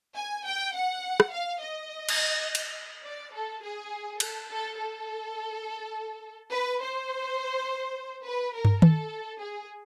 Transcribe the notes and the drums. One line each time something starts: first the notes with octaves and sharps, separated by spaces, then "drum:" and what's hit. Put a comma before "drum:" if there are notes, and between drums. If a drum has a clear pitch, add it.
G#5
G5
F#5
drum: rim click
F5
D#5
drum: cymbal
drum: cymbal
D5
A4
G#4
A4, drum: cymbal
A4
A4
B4
C5
B4
A#4
drum: tom
A4, drum: tom D#3
G#4